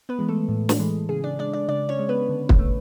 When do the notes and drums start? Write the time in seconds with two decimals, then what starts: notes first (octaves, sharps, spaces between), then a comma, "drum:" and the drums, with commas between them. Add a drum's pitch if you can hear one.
0.09 B3 B4
0.19 E3 G#3
0.28 A3 A4
0.48 A2
0.69 drum: snare
0.80 E3 G#3
1.09 C#3 G#4
1.24 D4 D5
1.39 G#3 D4 D5
1.54 D4 D5
1.69 C#3 D4 D5
1.89 C#4 C#5
1.99 G#3
2.09 B3 B4
2.29 D3
2.49 drum: kick
2.59 A3